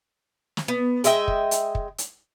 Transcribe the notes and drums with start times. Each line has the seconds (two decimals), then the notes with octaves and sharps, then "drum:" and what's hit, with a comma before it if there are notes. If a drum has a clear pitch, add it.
0.57 drum: snare
0.68 B3
1.04 G#3 D#5 E5 G5, drum: hi-hat
1.28 drum: kick
1.51 drum: hi-hat
1.75 drum: kick
1.98 drum: hi-hat